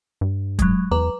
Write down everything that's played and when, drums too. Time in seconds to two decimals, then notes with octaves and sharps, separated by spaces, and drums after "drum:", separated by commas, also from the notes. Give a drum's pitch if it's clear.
0.21 G2
0.59 F#3 G#3, drum: kick, hi-hat
0.91 E2 B4 A#5 D6